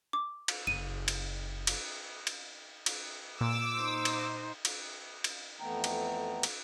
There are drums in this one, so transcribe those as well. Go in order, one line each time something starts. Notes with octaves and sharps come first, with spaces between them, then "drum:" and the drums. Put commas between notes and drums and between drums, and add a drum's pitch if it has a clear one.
D6
drum: cymbal
F#1 D#7
drum: cymbal
drum: cymbal
drum: cymbal
drum: cymbal
A#2 D6 E6
D#4 C5
drum: cymbal
drum: cymbal
drum: cymbal
F2 E3 A3 B3 G5 A#5
drum: cymbal
drum: cymbal